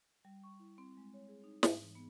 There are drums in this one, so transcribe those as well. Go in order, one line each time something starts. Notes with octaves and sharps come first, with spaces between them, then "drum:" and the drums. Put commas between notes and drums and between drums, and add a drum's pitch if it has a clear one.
G3
C#6
E4
C4
G#3
C#5
G#4
D#4
G#2, drum: snare
E3
B3